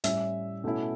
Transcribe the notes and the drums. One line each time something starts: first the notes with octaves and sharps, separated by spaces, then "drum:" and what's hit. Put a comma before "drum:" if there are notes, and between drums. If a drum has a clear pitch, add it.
A2 G3 C#4 E4 E5, drum: hi-hat
B2 A3 C#4 E4